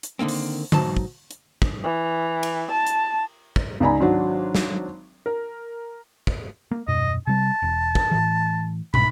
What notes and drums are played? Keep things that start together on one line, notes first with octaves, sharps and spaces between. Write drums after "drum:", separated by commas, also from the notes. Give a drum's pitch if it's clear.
drum: hi-hat
D3 D#3 A#3 C4
drum: open hi-hat
B1 G#2 F#3 D#4 A5, drum: tom D3
drum: kick
drum: hi-hat
drum: kick
E3
drum: cymbal
A5
drum: hi-hat
drum: kick
C#2 D#4 D5 G#5 A#5 B5
G#1 F#3 D4
drum: snare
A#4
drum: kick
A#3
D#1 F#2 B2 D#5
C3 G3 A5
E1
drum: kick
A2 E3
C2 G#2 B5, drum: tom